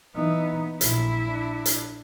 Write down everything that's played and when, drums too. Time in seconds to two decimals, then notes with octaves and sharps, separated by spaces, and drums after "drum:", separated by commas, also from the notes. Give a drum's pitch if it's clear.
0.15 E3 B3 D#4
0.81 A#1 E4, drum: hi-hat
1.29 D4
1.66 drum: hi-hat